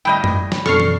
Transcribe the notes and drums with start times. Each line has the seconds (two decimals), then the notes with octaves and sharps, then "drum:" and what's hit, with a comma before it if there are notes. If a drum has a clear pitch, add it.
0.05 A2 G3 D#5 G5
0.24 drum: tom F#2
0.52 drum: snare
0.66 F#2 B2 D4 A4 C#6 F6 C7, drum: snare
0.80 drum: tom